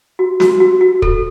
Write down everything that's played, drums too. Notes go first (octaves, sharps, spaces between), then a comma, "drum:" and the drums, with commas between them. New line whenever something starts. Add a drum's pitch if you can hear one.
F#4
F#4, drum: snare
F#4
F#4
A4, drum: kick